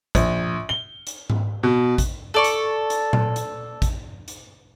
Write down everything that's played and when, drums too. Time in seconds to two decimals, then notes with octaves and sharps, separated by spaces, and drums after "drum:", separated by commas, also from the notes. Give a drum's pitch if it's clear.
0.15 A#1, drum: kick A1, hi-hat
0.69 G7
1.07 drum: hi-hat
1.30 drum: tom G#2
1.63 B2
1.98 drum: kick A1, hi-hat
2.34 A4 D5 C#6
2.44 drum: hi-hat
2.90 drum: hi-hat
3.13 drum: tom A#2
3.36 drum: hi-hat
3.82 drum: kick A1, hi-hat
4.28 drum: hi-hat